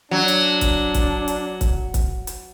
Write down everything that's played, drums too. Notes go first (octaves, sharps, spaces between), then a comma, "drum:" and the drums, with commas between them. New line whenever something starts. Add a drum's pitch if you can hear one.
F#3 D4
drum: hi-hat
drum: kick, hi-hat
drum: kick, hi-hat
drum: hi-hat
drum: kick, hi-hat
drum: kick, hi-hat
drum: hi-hat